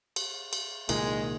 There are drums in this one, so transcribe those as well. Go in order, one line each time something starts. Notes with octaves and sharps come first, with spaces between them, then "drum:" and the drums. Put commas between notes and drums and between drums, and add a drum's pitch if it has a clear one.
drum: cymbal
drum: cymbal
C2 A#2 D#3 G#3, drum: cymbal